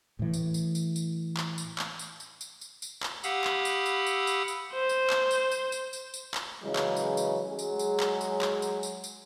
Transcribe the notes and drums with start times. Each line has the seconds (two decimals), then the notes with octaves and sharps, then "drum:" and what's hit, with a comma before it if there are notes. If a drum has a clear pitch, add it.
0.19 A2 E3
0.34 drum: tambourine
0.54 drum: tambourine
0.75 drum: tambourine
0.96 drum: tambourine
1.37 drum: clap
1.58 drum: tambourine
1.79 drum: clap
1.99 drum: tambourine
2.20 drum: tambourine
2.41 drum: tambourine
2.61 drum: tambourine
2.82 drum: tambourine
3.03 drum: clap
3.24 G4 F5 F#5 B5 D#6 E6, drum: tambourine
3.44 drum: clap
3.65 drum: tambourine
3.86 drum: tambourine
4.06 drum: tambourine
4.27 drum: tambourine
4.48 drum: tambourine
4.73 C5
4.89 drum: tambourine
5.10 drum: clap
5.31 drum: tambourine
5.51 drum: tambourine
5.72 drum: tambourine
5.93 drum: tambourine
6.14 drum: tambourine
6.34 drum: clap
6.63 C#3 E3 F#3 G#3
6.76 drum: clap
6.97 drum: tambourine
7.17 drum: tambourine
7.48 F#3 G#3 G#4
7.59 drum: tambourine
7.79 drum: tambourine
8.00 drum: clap
8.21 drum: tambourine
8.42 drum: clap
8.62 drum: tambourine
8.83 drum: tambourine
9.04 drum: tambourine